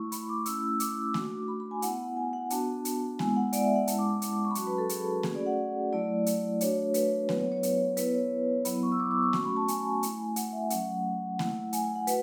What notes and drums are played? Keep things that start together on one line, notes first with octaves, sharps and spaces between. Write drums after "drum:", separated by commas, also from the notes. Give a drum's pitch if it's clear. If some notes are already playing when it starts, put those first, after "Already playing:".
Already playing: A3 E4 C#6
B5, drum: hi-hat
D6
A3 C#4 E4 E6, drum: hi-hat
D6, drum: hi-hat
A3 D4 F#4, drum: snare A#3
B5
B5
G#5
B3 E4 F#5, drum: hi-hat
G#5
F#5
B3 D4 F#4 A5, drum: hi-hat
drum: hi-hat
G#3 B3 E4 G#5, drum: snare A#3
F#5
D5, drum: hi-hat
E5
F#5
G#3 C#4 E4 A5, drum: hi-hat
D6
D6
D6, drum: hi-hat
D6
C#6
B5
F#3 C#4 F#4 A5, drum: hi-hat
B4
A4
G#4, drum: hi-hat
A3 C#4 F#4 G#4, drum: snare A#3
D5
F#5
F#3 A3 E4 D5
drum: hi-hat
A3 D4 F#4 C#5, drum: hi-hat
C#5
B4, drum: hi-hat
F#3 B3 E4 B4, drum: snare A#3
C#5
C#5
drum: hi-hat
B3 E4 B4, drum: hi-hat
C#5
F#3 B3 E4 B5, drum: hi-hat
C#6
E6
D6
D6
C#6
A3 C#4 F#4 C#6, drum: snare A#3
B5
A5
G#5, drum: hi-hat
A3 E4, drum: hi-hat
F#5, drum: hi-hat
E5
F#3 A3 C#4 F#5, drum: hi-hat
A3 E4, drum: snare A#3
G#5, drum: hi-hat
G#5
F#5
F#4 B4, drum: hi-hat